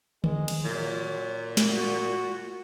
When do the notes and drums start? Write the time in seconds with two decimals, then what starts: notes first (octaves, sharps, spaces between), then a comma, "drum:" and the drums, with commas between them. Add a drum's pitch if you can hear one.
0.24 G#3, drum: tom D3
0.48 drum: cymbal
0.65 A#2 F#3
1.57 drum: snare
1.70 F#4